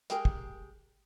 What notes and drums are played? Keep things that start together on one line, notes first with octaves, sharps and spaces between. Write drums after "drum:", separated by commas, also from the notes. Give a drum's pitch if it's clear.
G#3 G4 G#4 A#4, drum: hi-hat
drum: kick